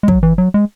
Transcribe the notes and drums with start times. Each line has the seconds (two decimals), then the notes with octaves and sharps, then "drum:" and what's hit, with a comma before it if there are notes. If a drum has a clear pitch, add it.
0.03 G#3
0.08 F#3, drum: kick
0.23 E3
0.38 F#3
0.54 G#3